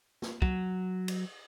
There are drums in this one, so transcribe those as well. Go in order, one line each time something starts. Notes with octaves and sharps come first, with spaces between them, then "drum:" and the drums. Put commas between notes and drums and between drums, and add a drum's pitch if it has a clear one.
drum: snare
F#3, drum: kick
drum: cymbal